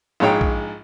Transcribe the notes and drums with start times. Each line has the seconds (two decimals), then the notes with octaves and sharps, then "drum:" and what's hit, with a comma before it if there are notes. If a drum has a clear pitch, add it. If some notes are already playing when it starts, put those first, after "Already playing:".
0.20 A#1 G#2 G#3 C#5 G5
0.41 drum: kick A#1